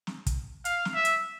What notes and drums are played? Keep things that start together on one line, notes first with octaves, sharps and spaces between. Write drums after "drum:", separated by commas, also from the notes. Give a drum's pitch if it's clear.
drum: snare
drum: kick, hi-hat
F5, drum: hi-hat
drum: snare
E5
drum: hi-hat